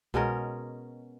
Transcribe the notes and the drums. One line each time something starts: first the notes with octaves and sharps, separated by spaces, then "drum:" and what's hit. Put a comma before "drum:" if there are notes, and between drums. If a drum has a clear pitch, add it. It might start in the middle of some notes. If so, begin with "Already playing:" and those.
B2 G#3 C#4 A#4, drum: kick C2